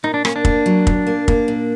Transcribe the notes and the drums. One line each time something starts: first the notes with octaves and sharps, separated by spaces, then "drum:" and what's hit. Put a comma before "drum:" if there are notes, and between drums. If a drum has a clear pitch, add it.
A#2 D#4
D4
A#3 C#4, drum: rim click
D4
A#3, drum: kick
F#3
A#2, drum: kick
A#3
A#3, drum: kick
A#2